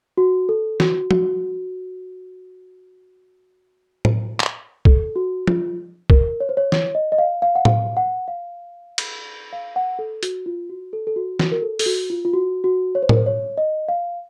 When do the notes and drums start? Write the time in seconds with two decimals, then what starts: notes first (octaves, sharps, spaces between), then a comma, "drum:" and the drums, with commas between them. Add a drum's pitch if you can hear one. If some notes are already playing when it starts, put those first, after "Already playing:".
0.18 F#4
0.49 A4
0.80 F#4, drum: snare
1.11 F#4, drum: tom
4.05 drum: tom A2
4.40 drum: clap
4.85 A4, drum: kick
5.16 F#4
5.47 F4, drum: tom
6.10 A#4, drum: kick
6.40 C#5
6.49 C5
6.57 C#5
6.72 C#5, drum: snare
6.95 D#5
7.12 D#5
7.18 F5
7.42 F5
7.55 F#5
7.65 F5, drum: tom A2
7.97 F#5
8.28 F5
8.98 drum: cymbal
9.53 F5
9.76 F#5
9.99 A4
10.23 F#4, drum: hi-hat
10.46 F4
10.69 F#4
10.93 A4
11.07 A4
11.16 F#4
11.39 F#4, drum: snare
11.52 A#4
11.62 A4
11.79 A4, drum: open hi-hat
11.86 F#4
12.10 F4
12.25 F4
12.33 F#4
12.64 F#4
12.95 C#5
13.02 C5
13.09 A#4, drum: tom A2
13.17 C5
13.26 C#5
13.58 D#5
13.89 F5